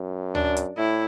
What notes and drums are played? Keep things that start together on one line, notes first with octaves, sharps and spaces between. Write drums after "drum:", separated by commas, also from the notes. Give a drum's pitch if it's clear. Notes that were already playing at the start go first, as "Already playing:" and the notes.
Already playing: F#2
D4, drum: tom D2
drum: hi-hat
A2 E4